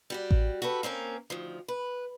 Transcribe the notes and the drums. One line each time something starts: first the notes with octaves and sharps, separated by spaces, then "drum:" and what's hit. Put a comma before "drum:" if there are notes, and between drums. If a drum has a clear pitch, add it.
G3 F#4 G4
drum: kick A1
F#4 G4 A4 B4
A#3 C4 C#4 A#4
D2 D#3 F3
B4